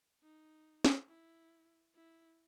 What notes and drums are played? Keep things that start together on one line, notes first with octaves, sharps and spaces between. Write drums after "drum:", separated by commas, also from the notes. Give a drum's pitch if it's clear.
D#4
drum: snare
E4
E4